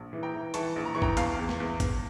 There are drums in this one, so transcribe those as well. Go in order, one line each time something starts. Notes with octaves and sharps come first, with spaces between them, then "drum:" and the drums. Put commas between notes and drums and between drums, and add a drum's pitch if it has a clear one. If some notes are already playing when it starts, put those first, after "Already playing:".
Already playing: A#1
E3
G5 A#5
E3
E3 A5 C#6, drum: hi-hat
A#1
A#5
E3 C#6
G5 A#5, drum: kick G#1
E2 F5 A5, drum: hi-hat
E2
drum: snare
E2
E2, drum: kick G#1, hi-hat